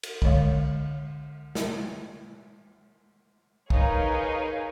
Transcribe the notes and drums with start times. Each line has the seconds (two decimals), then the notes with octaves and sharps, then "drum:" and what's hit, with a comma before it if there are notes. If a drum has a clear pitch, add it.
0.03 drum: cymbal
0.22 D3 G#3 C#5 F5, drum: kick
1.55 drum: snare
3.70 D#4 G#4 A#4 B4 C#5 F5, drum: kick